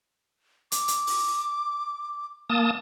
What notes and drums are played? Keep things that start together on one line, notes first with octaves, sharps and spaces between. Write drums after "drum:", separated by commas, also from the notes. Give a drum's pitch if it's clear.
D6, drum: hi-hat
drum: hi-hat
drum: open hi-hat
A#3 A5 D#6